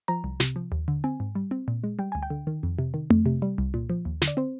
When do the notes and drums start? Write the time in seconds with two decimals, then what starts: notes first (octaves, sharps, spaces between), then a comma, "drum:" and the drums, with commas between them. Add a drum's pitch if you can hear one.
0.08 F3 A#5
0.24 C2
0.40 C3, drum: snare
0.56 F3
0.72 D#2
0.88 D3
1.04 C4 G#5
1.20 G#2
1.35 G3
1.51 C4
1.68 A#2
1.84 G#3
1.99 G3 G5
2.12 D2 G#5
2.23 G5
2.30 D3
2.47 D#3
2.63 F2
2.79 C3
2.94 D#3
3.10 F2, drum: tom A3
3.26 C3
3.42 G3
3.58 C2
3.74 A#2
3.90 F3
4.05 D#2
4.22 D3, drum: snare
4.28 D5
4.37 C4 C5